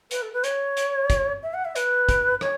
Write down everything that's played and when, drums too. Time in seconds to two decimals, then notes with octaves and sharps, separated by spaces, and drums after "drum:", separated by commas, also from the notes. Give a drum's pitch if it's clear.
0.11 B4, drum: hi-hat
0.22 A4
0.33 B4
0.44 C#5, drum: hi-hat
0.77 drum: hi-hat
1.10 drum: kick, hi-hat
1.43 E5
1.54 F#5
1.65 E5
1.76 B4, drum: hi-hat
2.09 drum: kick, hi-hat
2.41 C#5, drum: rim click